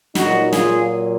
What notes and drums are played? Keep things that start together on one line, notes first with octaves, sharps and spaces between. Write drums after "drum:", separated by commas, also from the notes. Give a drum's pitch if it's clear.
A#2 F#3 D#4 F#4, drum: snare
F4 G#4, drum: snare